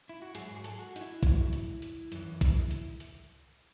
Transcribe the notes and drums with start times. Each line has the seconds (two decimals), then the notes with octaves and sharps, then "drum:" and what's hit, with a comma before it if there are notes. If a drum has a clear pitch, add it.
0.09 E4
0.22 F#4
0.35 G#2 F#3 G#4, drum: hi-hat
0.56 G#4
0.64 A4, drum: hi-hat
0.72 G#4
0.79 F#4
0.96 D#4, drum: hi-hat
1.01 E4
1.23 G#2 F#3, drum: kick, hi-hat
1.53 drum: hi-hat
1.82 drum: hi-hat
2.12 F#2 E3, drum: hi-hat
2.41 drum: kick, hi-hat
2.71 drum: hi-hat
3.00 drum: hi-hat